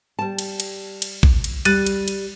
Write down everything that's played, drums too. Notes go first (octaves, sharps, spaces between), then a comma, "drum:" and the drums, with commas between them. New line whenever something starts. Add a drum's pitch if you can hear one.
G3 A5
drum: cymbal
drum: cymbal
drum: cymbal
drum: kick A1
drum: cymbal
G3 F#6 A6 D#7, drum: cymbal
drum: cymbal
drum: cymbal